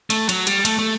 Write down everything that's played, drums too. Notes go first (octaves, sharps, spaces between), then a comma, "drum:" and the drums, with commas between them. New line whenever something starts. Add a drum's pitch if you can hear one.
A3, drum: cymbal
F#3, drum: cymbal
G3, drum: cymbal
A3, drum: cymbal
A3